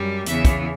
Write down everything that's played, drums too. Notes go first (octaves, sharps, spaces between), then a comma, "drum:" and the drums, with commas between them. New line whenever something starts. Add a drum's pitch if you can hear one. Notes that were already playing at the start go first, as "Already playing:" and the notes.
Already playing: F#2 G3
E2 C#3 E3 B3 E5, drum: hi-hat
drum: kick, hi-hat